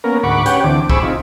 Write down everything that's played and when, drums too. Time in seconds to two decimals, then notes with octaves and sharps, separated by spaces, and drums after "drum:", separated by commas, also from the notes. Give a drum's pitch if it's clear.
0.04 A#3 B3 C#4 A#4
0.23 D2 G#2 F#5 B5 C#6 D6
0.46 C#4 G4 B4 C#5 F#5 G5, drum: hi-hat
0.64 D2 D3 E3 C4 D6
0.90 G#4 C5 B5 C#6 D6 E6, drum: kick
1.03 C4 D#4 F4